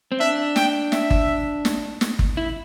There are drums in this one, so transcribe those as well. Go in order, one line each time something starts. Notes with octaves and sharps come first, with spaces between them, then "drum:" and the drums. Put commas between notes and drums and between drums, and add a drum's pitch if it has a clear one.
C4
D4 E5
G5, drum: snare
E5, drum: snare
drum: kick
drum: snare
drum: snare
drum: kick
E4